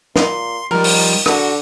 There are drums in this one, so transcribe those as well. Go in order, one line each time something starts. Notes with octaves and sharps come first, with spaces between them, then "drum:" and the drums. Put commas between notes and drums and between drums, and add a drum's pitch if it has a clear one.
A#2 C6, drum: snare
D#3 F3 G3 A#4
drum: open hi-hat
D3 F#4, drum: rim click